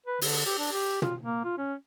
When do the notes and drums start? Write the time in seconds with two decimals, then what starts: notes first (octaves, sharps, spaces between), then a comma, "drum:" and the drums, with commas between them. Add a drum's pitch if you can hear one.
0.06 B4
0.21 D3, drum: open hi-hat
0.46 G4
0.58 D4
0.72 G4
1.02 F4, drum: tom
1.22 A#3
1.44 F4
1.58 C#4